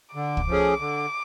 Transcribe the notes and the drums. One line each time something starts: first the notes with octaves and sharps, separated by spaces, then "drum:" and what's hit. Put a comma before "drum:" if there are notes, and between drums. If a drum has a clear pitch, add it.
D3 D6
drum: kick
F3 A3 C#4 G#4
D3